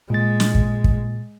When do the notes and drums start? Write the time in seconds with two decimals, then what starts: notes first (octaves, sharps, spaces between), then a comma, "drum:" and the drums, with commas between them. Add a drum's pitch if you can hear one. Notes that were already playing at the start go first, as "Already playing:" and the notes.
0.10 A#2 G#3 A6
0.40 drum: snare
0.55 drum: kick
0.84 drum: kick